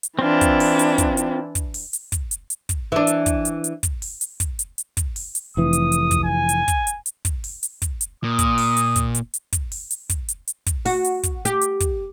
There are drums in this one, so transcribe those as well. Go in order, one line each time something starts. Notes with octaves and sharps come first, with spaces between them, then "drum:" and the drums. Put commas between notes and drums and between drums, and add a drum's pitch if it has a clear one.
drum: hi-hat
E3 C4 D4 F4
drum: kick, hi-hat
drum: open hi-hat
drum: hi-hat
drum: kick, hi-hat
drum: hi-hat
drum: kick, hi-hat
drum: open hi-hat
drum: hi-hat
drum: kick, hi-hat
drum: hi-hat
drum: hi-hat
drum: kick, hi-hat
E3 D4
drum: hi-hat
drum: kick, hi-hat
drum: hi-hat
drum: hi-hat
drum: kick, hi-hat
drum: open hi-hat
drum: hi-hat
drum: kick, hi-hat
drum: hi-hat
drum: hi-hat
drum: kick, hi-hat
drum: open hi-hat
drum: hi-hat
F1 E3 D#6
drum: hi-hat
drum: hi-hat
drum: kick, hi-hat
G#5
drum: hi-hat
drum: kick, hi-hat
drum: hi-hat
drum: hi-hat
drum: kick, hi-hat
drum: open hi-hat
drum: hi-hat
drum: kick, hi-hat
drum: hi-hat
A#2 D#6
drum: kick, hi-hat
drum: open hi-hat
drum: hi-hat
drum: kick, hi-hat
drum: hi-hat
drum: hi-hat
drum: kick, hi-hat
drum: open hi-hat
drum: hi-hat
drum: kick, hi-hat
drum: hi-hat
drum: hi-hat
drum: kick, hi-hat
F#4, drum: open hi-hat
drum: hi-hat
drum: kick, hi-hat
G4, drum: hi-hat
drum: hi-hat
drum: kick, hi-hat